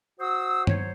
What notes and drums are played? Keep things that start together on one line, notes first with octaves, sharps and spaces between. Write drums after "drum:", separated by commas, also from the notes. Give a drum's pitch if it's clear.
F#4 C5 D#6 E6
F#3 C5 C#5, drum: tom G2